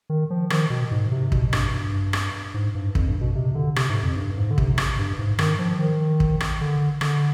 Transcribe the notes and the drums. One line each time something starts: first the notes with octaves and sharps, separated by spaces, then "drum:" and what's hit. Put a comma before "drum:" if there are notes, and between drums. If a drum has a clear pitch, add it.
D#3
F3
D#3, drum: rim click
B2
G#2
C3
B2, drum: kick
G2, drum: rim click
G2
drum: rim click
G#2
G2
F2, drum: kick
G2
B2
C3
D3
C3, drum: rim click
G#2
F2
G2
G#2
D3
C3, drum: kick
drum: rim click
G2
G#2
D#3, drum: rim click
F3
D#3
drum: kick
drum: rim click
D3
D3, drum: rim click